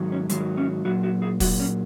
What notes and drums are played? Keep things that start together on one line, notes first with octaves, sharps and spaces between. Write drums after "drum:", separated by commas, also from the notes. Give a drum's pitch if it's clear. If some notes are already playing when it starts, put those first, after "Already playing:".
Already playing: G#2 D#3 F#3
C#4
G#2 D#3 F#3 G#3, drum: hi-hat
C#4
A#2 F#3 F#4
F#4
G#4
A#2 F#3 F#4, drum: kick, open hi-hat
C#4